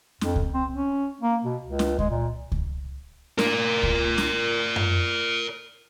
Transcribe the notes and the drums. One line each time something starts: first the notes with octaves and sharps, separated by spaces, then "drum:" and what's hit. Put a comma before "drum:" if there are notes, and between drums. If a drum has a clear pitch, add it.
F2, drum: snare
drum: kick C#2
C4
C#4
A#3
B2
C#2
drum: snare
G#3, drum: kick C#2
A#2
drum: kick C#2
A#4 D5, drum: snare
drum: kick C#2
drum: snare
drum: tom F#2